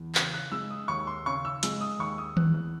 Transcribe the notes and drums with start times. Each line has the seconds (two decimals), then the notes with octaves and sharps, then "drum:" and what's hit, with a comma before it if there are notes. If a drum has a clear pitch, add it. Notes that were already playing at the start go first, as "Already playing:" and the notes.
Already playing: E2
0.15 C#3, drum: clap
0.34 F#6
0.52 G#3 E6
0.70 D#6
0.88 D#2 C#6
1.07 C6
1.26 C#3 C#6
1.45 E6
1.63 G#3 E6, drum: hi-hat
1.81 D#6
1.99 D#2 C#6
2.18 D#6
2.37 E2 F#6, drum: tom D#3
2.54 F#6